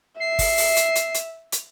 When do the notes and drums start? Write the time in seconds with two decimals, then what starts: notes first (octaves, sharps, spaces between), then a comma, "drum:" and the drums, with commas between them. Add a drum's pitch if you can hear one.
0.20 E5 C7
0.39 drum: kick, open hi-hat
0.58 drum: open hi-hat
0.76 drum: hi-hat
0.95 drum: hi-hat
1.14 drum: hi-hat
1.52 drum: hi-hat